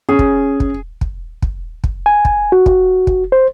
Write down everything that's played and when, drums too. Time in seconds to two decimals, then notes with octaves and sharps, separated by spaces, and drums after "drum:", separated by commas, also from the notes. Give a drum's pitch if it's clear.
0.09 C#4 G#4
0.19 drum: kick
0.60 drum: kick
1.01 drum: kick
1.42 drum: kick
1.84 drum: kick
2.06 G#5
2.25 drum: kick
2.52 F#4
2.66 drum: kick
3.07 drum: kick
3.32 C5